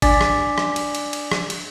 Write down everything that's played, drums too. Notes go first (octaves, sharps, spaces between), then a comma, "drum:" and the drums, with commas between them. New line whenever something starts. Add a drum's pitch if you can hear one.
D4 D5 G#5 D6 A6 B6, drum: kick G1, cymbal
drum: rim click
drum: rim click
drum: cymbal
drum: cymbal
drum: cymbal
drum: rim click
drum: cymbal